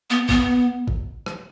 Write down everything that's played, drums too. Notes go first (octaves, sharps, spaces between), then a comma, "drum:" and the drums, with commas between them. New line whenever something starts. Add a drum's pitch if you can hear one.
B3
B3, drum: kick A1
drum: kick A1
drum: rim click